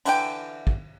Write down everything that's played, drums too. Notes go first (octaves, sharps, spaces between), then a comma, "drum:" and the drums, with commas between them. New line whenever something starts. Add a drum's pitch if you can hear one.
D3 E3 F#5 G5, drum: cymbal
drum: kick